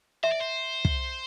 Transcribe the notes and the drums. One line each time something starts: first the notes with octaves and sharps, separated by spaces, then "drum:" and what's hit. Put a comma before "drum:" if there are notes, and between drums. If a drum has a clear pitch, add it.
C5 E5
D5
C5
drum: kick